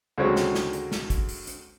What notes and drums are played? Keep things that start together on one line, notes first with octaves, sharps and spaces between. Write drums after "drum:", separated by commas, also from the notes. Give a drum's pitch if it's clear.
D2 C#3 F#3 G#3 C4 C#5
drum: snare
drum: snare
drum: hi-hat
drum: snare
drum: kick, hi-hat
drum: open hi-hat
drum: hi-hat